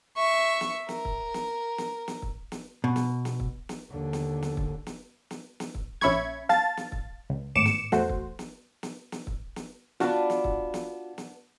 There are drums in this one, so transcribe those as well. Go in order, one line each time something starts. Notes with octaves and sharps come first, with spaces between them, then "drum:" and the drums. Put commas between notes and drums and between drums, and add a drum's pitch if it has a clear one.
E5 C#6
drum: snare
A#4, drum: snare
drum: kick
drum: snare
drum: snare
drum: snare
drum: kick
drum: snare
B2
drum: snare
drum: snare
drum: kick
drum: snare
D#2 D3
drum: snare
drum: snare
drum: kick
drum: snare
drum: snare
drum: snare
drum: kick
A#1 C#4 E5 B5 C#6 G#6, drum: snare
F5 A5 A6, drum: snare
drum: snare
drum: kick
C#2
G#1 A2 D6 C#7 E7
drum: snare
E2 A3 F#4 C5, drum: snare
drum: kick
drum: snare
drum: snare
drum: snare
drum: kick
drum: snare
B3 D4 F4 F#4 F5, drum: snare
drum: snare
drum: kick
drum: snare
drum: snare